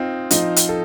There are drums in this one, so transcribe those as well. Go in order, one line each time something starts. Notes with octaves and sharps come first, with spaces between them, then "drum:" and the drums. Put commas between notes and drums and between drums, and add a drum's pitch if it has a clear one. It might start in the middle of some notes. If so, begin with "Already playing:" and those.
Already playing: C4 D#4 F4
F3 D#4, drum: hi-hat
drum: hi-hat
A4